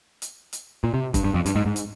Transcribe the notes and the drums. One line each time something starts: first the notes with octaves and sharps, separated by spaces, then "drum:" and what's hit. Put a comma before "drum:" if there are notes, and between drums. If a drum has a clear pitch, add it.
drum: hi-hat
drum: hi-hat
A#2
C3
G2, drum: kick, hi-hat
G2
F2
G2, drum: hi-hat
G#2
G#2
drum: hi-hat